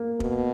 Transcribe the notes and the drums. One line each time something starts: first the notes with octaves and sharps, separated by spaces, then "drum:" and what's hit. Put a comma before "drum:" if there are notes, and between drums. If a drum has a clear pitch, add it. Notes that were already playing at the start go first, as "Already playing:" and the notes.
Already playing: A#3
B2, drum: kick